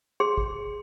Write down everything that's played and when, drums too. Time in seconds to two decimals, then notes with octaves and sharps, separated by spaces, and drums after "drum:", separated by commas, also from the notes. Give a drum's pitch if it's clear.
0.20 G#4 C6
0.38 drum: kick